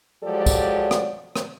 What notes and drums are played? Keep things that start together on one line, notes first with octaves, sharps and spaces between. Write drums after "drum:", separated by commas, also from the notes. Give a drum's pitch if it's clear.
F3 F#3 G#3 G4 A4 D5
drum: kick, tambourine
drum: rim click
drum: rim click